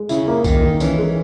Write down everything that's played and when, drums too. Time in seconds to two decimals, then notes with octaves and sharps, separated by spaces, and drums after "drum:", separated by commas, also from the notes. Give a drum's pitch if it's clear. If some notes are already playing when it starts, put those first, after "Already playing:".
Already playing: G#3
0.09 C#3 E4, drum: tambourine
0.27 A#3
0.44 D#3 A#3, drum: kick B1, tambourine
0.62 D#3
0.80 E3 C#4, drum: tambourine
0.98 G#3